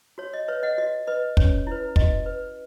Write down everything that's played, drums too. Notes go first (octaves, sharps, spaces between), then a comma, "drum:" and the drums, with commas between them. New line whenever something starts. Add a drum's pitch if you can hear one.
F#4 C#5
D#5
B4 C#5 E5
D#5 F#5
F#4 D#5
B4 D#5
C#4 C#5, drum: kick
E4 B4
F#4 D#5, drum: kick
B4